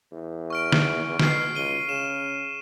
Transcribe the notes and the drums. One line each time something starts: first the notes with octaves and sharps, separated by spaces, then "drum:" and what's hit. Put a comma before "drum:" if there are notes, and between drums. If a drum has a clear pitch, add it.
E2
C#6 F6 D7
drum: snare
B2 F6 C7, drum: snare
C#2 D#7 G7
C#3 E7